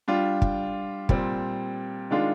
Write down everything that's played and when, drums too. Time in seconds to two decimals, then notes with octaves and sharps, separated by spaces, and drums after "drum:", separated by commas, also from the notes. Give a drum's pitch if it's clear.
0.08 G3 D4 F4
0.42 drum: kick
1.09 A#2 G3 C4, drum: kick
2.11 D#3 G#3 D4 F4